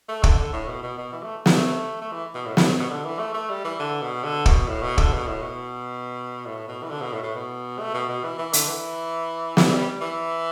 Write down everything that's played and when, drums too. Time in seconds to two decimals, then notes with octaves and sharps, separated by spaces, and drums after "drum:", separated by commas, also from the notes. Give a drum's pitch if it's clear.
0.09 A3
0.24 D3, drum: kick
0.39 D3
0.53 A2
0.68 B2
0.83 B2
0.98 B2
1.13 E3
1.24 A3
1.46 A3, drum: snare
1.57 A3
2.01 A3
2.12 E3
2.34 B2
2.46 A2
2.57 A2, drum: snare
2.79 B2
2.90 D3
3.05 E3
3.19 A3
3.34 A3
3.49 G3
3.65 E3
3.79 D3
4.02 B2
4.24 D3
4.46 B2, drum: kick
4.68 A2
4.83 B2
4.98 D3, drum: kick
5.13 B2
5.27 A2
5.42 B2
6.46 A2
6.68 B2
6.83 E3
6.90 D3
7.01 B2
7.13 A2
7.23 A2
7.35 B2
7.80 A3
7.94 B2
8.09 B2
8.24 E3
8.38 E3
8.53 D3, drum: hi-hat
8.68 E3
9.57 E3, drum: snare
9.71 G3
10.01 E3